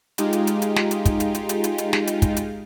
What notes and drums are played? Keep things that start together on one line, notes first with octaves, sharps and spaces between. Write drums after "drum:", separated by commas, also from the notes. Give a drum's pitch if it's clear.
G#3 D#4 F4 G4, drum: hi-hat
drum: hi-hat
drum: hi-hat
drum: hi-hat
drum: snare
drum: hi-hat
drum: kick, hi-hat
drum: hi-hat
drum: hi-hat
drum: hi-hat
drum: hi-hat
drum: hi-hat
drum: snare
drum: hi-hat
drum: kick, hi-hat
drum: hi-hat